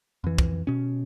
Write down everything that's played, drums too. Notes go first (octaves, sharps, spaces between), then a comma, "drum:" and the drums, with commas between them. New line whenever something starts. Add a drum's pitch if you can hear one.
F2 E3
drum: kick
B2 C#4